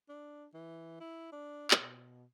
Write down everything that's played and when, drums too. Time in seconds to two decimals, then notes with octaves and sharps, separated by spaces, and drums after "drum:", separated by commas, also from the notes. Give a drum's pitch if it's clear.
0.09 D4
0.54 E3
1.01 E4
1.32 D4
1.71 drum: clap
1.81 B2